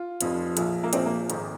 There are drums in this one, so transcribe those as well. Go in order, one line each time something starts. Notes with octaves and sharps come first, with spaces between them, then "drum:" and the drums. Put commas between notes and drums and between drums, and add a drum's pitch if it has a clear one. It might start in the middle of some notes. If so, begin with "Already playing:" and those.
Already playing: F4
F1 F2 F3, drum: hi-hat
A#1 A#2 F3, drum: hi-hat
A#3
A#1 A#2 F3 C4, drum: hi-hat
A#3
G#1 G#2 D#3, drum: hi-hat